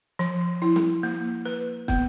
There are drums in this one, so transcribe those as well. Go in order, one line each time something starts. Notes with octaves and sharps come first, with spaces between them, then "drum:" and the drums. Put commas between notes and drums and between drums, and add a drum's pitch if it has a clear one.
F3, drum: hi-hat
E4
drum: snare
A#3
B4
B3, drum: kick, hi-hat